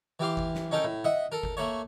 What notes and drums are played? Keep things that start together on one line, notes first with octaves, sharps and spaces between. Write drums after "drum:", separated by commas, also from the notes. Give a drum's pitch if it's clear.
E3 G4 F5 C6
drum: kick G1
drum: snare
C#4 D#4 A4 A#4 G5
A2
D#5 E5 F#5
A4 A#4
drum: kick G1
A3 A#3 C#5